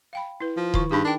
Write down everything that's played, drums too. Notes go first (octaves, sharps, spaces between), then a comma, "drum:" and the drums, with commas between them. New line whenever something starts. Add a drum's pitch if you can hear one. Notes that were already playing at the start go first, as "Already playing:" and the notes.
F5 G5 B5
E4 B4
F3
D#3 E4 C#6, drum: kick D#1
G2 D#4 G#4
D4 A#4 G5